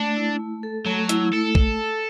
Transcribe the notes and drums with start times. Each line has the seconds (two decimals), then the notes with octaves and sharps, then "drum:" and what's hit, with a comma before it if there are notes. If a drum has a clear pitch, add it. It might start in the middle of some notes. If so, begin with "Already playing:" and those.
Already playing: A3 D4
0.17 E4
0.39 A3
0.63 A4
0.86 F#3 A3
1.09 E4, drum: hi-hat
1.33 A3 A4
1.55 drum: kick